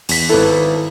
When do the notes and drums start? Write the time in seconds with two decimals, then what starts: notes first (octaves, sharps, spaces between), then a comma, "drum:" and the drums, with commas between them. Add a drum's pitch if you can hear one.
0.09 E2 B6, drum: open hi-hat
0.29 G#1 E4 A4 B4